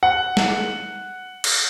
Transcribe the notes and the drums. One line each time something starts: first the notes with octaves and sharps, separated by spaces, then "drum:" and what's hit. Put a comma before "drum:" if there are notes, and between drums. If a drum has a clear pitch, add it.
F#5
drum: snare
drum: cymbal